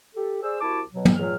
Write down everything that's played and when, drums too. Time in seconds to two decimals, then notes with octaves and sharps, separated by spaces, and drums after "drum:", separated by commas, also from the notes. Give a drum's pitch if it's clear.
0.15 G4 A4
0.42 G#4 C5 D5 E6
0.61 C2 E4 F#4 A5 D6
0.93 B2 F#3
1.05 drum: tom
1.15 C#2 A#2 F#3 F6